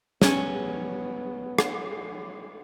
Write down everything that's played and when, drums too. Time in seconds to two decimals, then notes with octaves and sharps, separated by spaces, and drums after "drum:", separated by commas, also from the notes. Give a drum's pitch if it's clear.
0.22 B3 C#4, drum: snare
1.59 drum: rim click